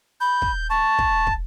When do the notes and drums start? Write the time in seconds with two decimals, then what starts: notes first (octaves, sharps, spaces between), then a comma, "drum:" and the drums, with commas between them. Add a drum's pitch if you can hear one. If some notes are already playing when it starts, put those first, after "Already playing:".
0.21 B5 G6
0.42 drum: kick
0.70 A5 C#6
0.98 drum: kick
1.27 drum: kick